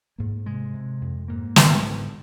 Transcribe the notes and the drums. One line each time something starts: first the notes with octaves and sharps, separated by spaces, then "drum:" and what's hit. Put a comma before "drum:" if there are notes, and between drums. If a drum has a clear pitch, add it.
G#2 A#3
C3 G#3
C3
F2
G#2 A#3
G#2 D#3, drum: snare
G#2 D3